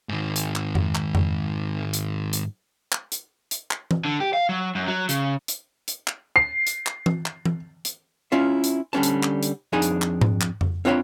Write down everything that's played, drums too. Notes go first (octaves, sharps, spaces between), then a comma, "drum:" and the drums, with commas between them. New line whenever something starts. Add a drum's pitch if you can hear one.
G#2 D#3
drum: hi-hat
drum: clap
drum: tom F2
drum: clap
drum: tom F2
drum: hi-hat
drum: hi-hat
drum: clap
drum: hi-hat
drum: hi-hat
drum: clap
drum: tom E3
D3
G4
F5
F#3
F#2
F#3
C#3, drum: hi-hat
drum: hi-hat
drum: hi-hat
drum: clap
C7
drum: hi-hat
drum: clap
drum: tom E3
drum: clap
drum: tom E3
drum: hi-hat
C#4 E4 F4 E5
drum: hi-hat
D3 G3 C#4 A5
drum: hi-hat
drum: clap
drum: hi-hat
F2 D4 D#4 G#4 G#5 B5
drum: hi-hat
drum: clap
drum: tom G#2
drum: clap
drum: tom F2
C4 D4 F4 C#5 G5 B5